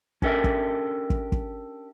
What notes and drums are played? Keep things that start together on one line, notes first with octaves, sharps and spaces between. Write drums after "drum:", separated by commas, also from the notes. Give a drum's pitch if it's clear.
C#4 D4 G4 A4 A#4 E5, drum: kick
drum: kick
drum: kick
drum: kick